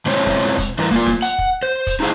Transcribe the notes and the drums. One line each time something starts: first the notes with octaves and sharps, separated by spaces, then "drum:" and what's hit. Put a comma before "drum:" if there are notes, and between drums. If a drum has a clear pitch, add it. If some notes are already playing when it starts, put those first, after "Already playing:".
B2 G#3 C4 E4 C5 C#5
drum: snare
drum: kick, hi-hat
E3 G3 E4 A#4 B4
A#3 F4, drum: snare
drum: snare
F#5, drum: hi-hat
drum: kick
C5
drum: kick, hi-hat
D#4 E4 G#4 C5 F5